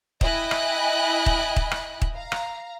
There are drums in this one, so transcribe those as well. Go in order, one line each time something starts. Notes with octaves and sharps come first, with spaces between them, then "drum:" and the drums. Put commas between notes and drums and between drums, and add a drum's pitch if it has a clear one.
E4 D#5 G5 G#5 B5 F#6, drum: kick
drum: rim click
drum: kick
drum: kick
drum: rim click
drum: kick
F5 A#5
drum: rim click